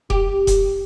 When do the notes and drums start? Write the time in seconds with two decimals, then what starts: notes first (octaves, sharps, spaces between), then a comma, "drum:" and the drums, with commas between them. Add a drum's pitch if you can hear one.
0.10 G4, drum: kick E1
0.47 drum: kick E1, hi-hat